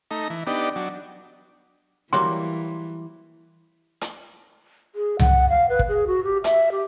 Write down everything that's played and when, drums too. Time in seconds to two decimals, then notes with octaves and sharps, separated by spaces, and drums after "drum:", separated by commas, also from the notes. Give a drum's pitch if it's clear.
0.11 A3 D#4 A#5
0.30 E3
0.47 B3 D4 D#4 G4 D5
0.76 F#3 D4
2.13 E3 F#3 G3 A#3 C6
4.01 drum: hi-hat
4.95 G#4
5.19 F#5, drum: tom C2
5.49 F5
5.69 B4
5.79 drum: kick
5.89 G#4
6.07 F#4
6.24 G4
6.44 E5, drum: hi-hat
6.72 G4